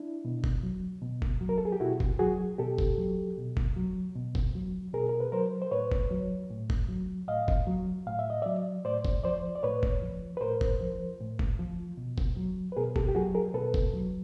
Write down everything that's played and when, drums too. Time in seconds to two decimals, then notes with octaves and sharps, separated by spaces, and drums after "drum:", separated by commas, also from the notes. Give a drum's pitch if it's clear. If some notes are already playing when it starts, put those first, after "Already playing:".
Already playing: D4 E4
0.25 B2
0.44 drum: kick F#1
0.63 F#3
1.02 B2
1.22 drum: kick F#1
1.41 F#3
1.49 A#4
1.58 A4
1.65 G#4
1.72 G4
1.80 B2 E4 F#4
2.00 drum: kick F#1
2.19 F#3 F#4 G#4
2.58 B2 G4 A4
2.78 drum: kick F#1
2.98 F#3
3.38 B2
3.57 drum: kick F#1
3.76 F#3
4.16 B2
4.35 drum: kick F#1
4.55 F#3
4.93 B2 G#4 A#4
5.09 A#4
5.20 B4
5.32 F#3 A#4 C5
5.62 C5
5.71 A2 B4 C#5
5.92 drum: kick F#1
6.11 F#3
6.50 A2
6.70 drum: kick F#1
6.89 F#3
7.28 A2 D#5 F5
7.48 drum: kick F#1
7.67 F#3
8.07 A2 F5
8.19 E5
8.30 D#5
8.42 F#3 D5 E5
8.84 A2 C5 D5
9.05 drum: kick F#1
9.24 F3 C5 D5
9.55 D5
9.63 A2 B4 C#5
9.83 drum: kick F#1
10.02 F3
10.37 B4
10.41 A2 A#4 C5
10.61 drum: kick F#1
10.81 F3
11.20 A2
11.39 drum: kick F#1
11.59 F3
11.97 B2
12.18 drum: kick F#1
12.37 F#3
12.72 B4
12.77 B2 G#4 A#4
12.96 G4 A4, drum: kick F#1
13.08 G4
13.15 F#3 F#4 G#4
13.35 G#4 A#4
13.54 B2 A4 B4
13.74 drum: kick F#1
13.94 F#3